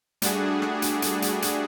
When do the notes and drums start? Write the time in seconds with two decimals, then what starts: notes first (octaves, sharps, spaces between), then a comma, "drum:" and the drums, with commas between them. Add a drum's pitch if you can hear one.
0.22 G3 A3 D4 F#4 G#4, drum: hi-hat
0.62 drum: rim click
0.82 drum: hi-hat
1.02 drum: hi-hat
1.22 drum: hi-hat
1.42 drum: hi-hat